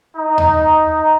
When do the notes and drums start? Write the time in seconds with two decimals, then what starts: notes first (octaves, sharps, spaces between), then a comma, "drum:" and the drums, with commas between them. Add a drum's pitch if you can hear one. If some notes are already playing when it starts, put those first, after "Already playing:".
0.16 D#4
0.38 drum: tom D#2